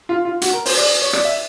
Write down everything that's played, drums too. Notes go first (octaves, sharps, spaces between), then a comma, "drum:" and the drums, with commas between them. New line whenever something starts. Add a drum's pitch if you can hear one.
F4
F4
F#4, drum: hi-hat
A#4
C5, drum: open hi-hat
D5
C#5
D5, drum: rim click
E5